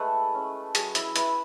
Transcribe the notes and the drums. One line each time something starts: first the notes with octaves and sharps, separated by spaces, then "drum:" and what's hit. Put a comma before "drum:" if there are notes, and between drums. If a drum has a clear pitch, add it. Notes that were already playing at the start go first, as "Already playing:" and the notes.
Already playing: G#3 A3 E4 A4 B4
C#4
F#3 G#4, drum: hi-hat
E4 E5, drum: hi-hat
E4 B4 B5, drum: hi-hat